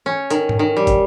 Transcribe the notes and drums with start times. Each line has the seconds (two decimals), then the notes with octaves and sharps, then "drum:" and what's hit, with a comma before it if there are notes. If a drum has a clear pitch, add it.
0.06 C#4
0.30 D#3, drum: hi-hat
0.49 drum: tom G#2
0.59 D#3
0.77 G3
0.87 drum: kick, hi-hat